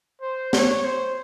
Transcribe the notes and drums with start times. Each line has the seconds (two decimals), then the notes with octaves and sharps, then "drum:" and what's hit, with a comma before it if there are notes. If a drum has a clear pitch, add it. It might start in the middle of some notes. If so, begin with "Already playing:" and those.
0.21 C5
0.53 C#5, drum: snare
0.84 C5